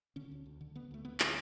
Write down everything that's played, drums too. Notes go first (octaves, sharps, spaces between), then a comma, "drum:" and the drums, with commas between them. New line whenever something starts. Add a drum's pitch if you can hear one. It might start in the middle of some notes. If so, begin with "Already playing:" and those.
D3 C#4
D2
D2
D3
D3 B3
D2 A3
D2 B3
D3, drum: clap